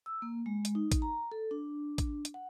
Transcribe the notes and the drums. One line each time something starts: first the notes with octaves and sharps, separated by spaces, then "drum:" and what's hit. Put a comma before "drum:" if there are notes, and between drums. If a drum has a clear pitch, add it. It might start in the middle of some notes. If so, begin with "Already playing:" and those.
E6
A#3
G#3
drum: hi-hat
D#4
drum: kick A1, hi-hat
A#5
A4
D4
drum: kick A1, hi-hat
drum: hi-hat
F#5